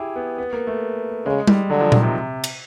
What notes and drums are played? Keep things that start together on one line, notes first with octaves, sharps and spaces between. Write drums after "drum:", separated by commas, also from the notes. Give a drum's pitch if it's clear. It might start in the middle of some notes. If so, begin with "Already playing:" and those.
Already playing: E4 G4 G#4
B3
B3
A#3
A3
C#3 G#3
G3, drum: tom G3
D3 F#3
F3
D#3, drum: tom A#2
C3
drum: cymbal